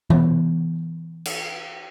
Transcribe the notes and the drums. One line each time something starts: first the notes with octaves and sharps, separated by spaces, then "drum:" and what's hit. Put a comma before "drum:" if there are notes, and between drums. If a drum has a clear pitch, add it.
E3 B3, drum: tom
drum: cymbal